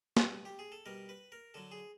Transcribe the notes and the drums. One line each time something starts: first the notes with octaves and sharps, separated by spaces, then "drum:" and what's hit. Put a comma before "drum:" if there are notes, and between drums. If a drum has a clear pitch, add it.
B2 G3, drum: snare
G4
G#4
A4
B2 G3 A#4
B4
A#4
D3 F#3 A4
G#4